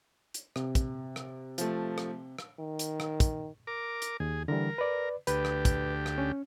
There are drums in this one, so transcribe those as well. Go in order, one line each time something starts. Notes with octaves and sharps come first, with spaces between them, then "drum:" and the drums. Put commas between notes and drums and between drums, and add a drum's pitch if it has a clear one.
drum: hi-hat
C3, drum: rim click
drum: kick, hi-hat
drum: rim click
F3 A3, drum: hi-hat
drum: rim click
drum: rim click
D#3
drum: hi-hat
drum: rim click
drum: kick, hi-hat
A#4 D6
drum: hi-hat
D#2 G#4
D3 E3 G3 A#4
B4 D5
D2 G4 B4, drum: hi-hat
drum: rim click
drum: kick, hi-hat
drum: rim click
C#4